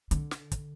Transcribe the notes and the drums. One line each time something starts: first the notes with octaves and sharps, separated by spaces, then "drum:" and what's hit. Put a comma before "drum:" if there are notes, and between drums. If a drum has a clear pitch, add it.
D3, drum: hi-hat
drum: snare
drum: kick, hi-hat